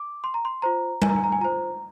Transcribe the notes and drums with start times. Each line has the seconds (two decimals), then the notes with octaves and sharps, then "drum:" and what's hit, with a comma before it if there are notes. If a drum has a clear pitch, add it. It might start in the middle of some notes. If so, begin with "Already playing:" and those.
Already playing: D6
0.24 C6
0.34 A#5
0.45 C6
0.62 F4 C5 A#5
1.02 G#5, drum: tom G3
1.09 A#5
1.16 G#5
1.24 A#5
1.32 G#5
1.41 F4 C5 A#5